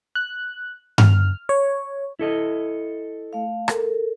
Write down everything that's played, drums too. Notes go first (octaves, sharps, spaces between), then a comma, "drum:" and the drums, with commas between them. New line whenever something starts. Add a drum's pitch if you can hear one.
F#6
F6, drum: tom G2
C#5
E4 A4 D#5
A3 F5
A4 A#4, drum: rim click